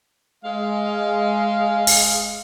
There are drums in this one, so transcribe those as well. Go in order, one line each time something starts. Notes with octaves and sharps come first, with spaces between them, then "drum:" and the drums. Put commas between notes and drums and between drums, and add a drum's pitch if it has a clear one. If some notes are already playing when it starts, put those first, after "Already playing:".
G#3 F5
drum: open hi-hat